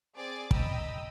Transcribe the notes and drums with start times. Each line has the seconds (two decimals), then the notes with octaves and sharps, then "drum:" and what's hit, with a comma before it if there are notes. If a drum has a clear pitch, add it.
0.15 C4 G#4 D5 D6 A6
0.51 D#5 G5 A#5 B5 D#6 E6, drum: kick